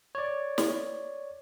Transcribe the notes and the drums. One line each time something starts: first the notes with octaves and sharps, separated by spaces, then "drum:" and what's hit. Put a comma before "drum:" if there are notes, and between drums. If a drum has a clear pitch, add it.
C#5 D5
drum: snare